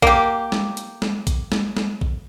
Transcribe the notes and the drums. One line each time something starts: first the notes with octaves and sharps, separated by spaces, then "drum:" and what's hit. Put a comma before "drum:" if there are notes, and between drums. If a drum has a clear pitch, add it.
A#3 G4, drum: kick A#1
drum: snare
drum: hi-hat
drum: snare
drum: kick A#1, hi-hat
drum: snare
drum: snare
drum: kick A#1